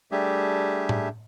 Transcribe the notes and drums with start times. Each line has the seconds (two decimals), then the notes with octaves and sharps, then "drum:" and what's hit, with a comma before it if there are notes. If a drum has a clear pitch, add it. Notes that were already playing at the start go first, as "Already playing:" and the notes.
0.12 G3 A3 D4 G4 G#4 E5
0.89 drum: tom A2